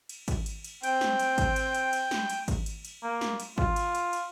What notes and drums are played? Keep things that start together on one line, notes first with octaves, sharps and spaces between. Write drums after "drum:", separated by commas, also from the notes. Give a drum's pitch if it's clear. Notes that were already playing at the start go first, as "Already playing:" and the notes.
drum: cymbal
drum: kick, cymbal
drum: cymbal
drum: cymbal
C4 G5, drum: cymbal
drum: snare
drum: cymbal
drum: kick, cymbal
drum: cymbal
drum: cymbal
drum: cymbal
drum: snare
drum: cymbal
drum: kick, cymbal
drum: cymbal
drum: cymbal
A#3
drum: snare
drum: cymbal
F4, drum: kick
drum: cymbal
drum: cymbal
drum: cymbal